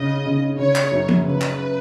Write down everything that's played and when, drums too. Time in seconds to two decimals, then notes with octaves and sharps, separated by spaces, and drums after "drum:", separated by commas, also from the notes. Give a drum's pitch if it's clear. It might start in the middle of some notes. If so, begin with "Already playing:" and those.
Already playing: C#3 D#5
0.26 C#3
0.59 C#3 C#5
0.75 drum: clap
0.92 F#2
1.08 drum: tom
1.25 C#3 B4
1.41 drum: clap